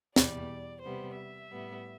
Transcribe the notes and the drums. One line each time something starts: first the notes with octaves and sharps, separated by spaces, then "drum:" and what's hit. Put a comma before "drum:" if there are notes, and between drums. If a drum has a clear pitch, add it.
E2 B2 G3 D5, drum: snare
C3 G3 B3 C5
E5
A2 G3 B3